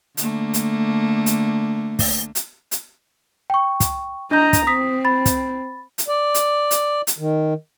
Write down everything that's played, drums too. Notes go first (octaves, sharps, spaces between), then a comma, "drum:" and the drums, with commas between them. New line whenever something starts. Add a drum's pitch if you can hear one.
D3 A3 A#3, drum: hi-hat
drum: hi-hat
drum: hi-hat
drum: kick, open hi-hat
drum: hi-hat
drum: hi-hat
G5 C#6
drum: kick, hi-hat
D4 D#5 A#5 G6
drum: kick, hi-hat
C4 D#6 B6
B5 A6
drum: kick, hi-hat
drum: hi-hat
D5
drum: hi-hat
drum: hi-hat
drum: hi-hat
D#3